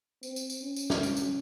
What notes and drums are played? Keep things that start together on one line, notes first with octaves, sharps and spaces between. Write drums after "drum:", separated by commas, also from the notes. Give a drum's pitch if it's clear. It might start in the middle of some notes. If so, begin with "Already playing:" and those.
C4, drum: tambourine
drum: tambourine
drum: tambourine
C#4
drum: tambourine
drum: snare
drum: tambourine
drum: tambourine